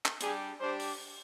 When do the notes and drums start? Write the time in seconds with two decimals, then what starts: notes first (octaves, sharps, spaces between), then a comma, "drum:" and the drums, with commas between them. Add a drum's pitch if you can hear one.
0.05 drum: clap
0.21 G3 D4 G4 G#4, drum: hi-hat
0.59 G3 D4 G4 C5
0.80 drum: open hi-hat